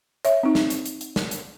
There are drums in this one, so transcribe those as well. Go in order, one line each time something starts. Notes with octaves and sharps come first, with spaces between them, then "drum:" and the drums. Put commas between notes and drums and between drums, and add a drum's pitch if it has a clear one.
C#5 E5, drum: hi-hat
C4 D#4
drum: snare
drum: hi-hat
drum: hi-hat
drum: hi-hat
drum: snare
drum: hi-hat